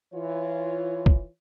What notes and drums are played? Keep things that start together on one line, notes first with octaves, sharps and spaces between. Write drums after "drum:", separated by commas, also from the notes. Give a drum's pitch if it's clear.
E3 F4 C#5
drum: kick